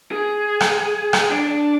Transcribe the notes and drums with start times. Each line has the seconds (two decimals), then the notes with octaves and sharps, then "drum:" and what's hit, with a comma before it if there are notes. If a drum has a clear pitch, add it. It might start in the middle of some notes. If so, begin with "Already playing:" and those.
0.12 G#4
0.61 drum: rim click
1.13 drum: rim click
1.31 D4 D5